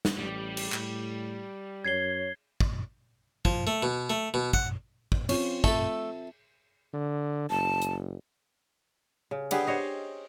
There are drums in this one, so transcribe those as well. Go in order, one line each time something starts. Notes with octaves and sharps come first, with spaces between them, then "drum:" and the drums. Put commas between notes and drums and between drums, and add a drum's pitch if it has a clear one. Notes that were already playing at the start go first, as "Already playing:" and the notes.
drum: snare
A1 G3
drum: cymbal
A2, drum: clap
F#2 C#5 G#6 C7 G7
drum: kick
F3, drum: kick
A3
B2
A3
B2
F#5, drum: kick
drum: kick
C4 C#4 F4, drum: cymbal
A3 A4 E5, drum: kick
D3
F#1 A5
drum: hi-hat
C#3
D3 B3 G4 G#4, drum: cymbal
C5 C#5 D#5